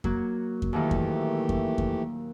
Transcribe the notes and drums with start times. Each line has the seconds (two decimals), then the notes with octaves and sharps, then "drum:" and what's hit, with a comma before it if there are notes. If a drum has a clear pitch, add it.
0.04 F#3 A#3 F#4, drum: kick F2
0.62 drum: kick F2
0.73 D#2 A#2 D#3 E3 A3 G4
0.91 drum: kick F2
1.49 drum: kick F2
1.78 drum: kick F2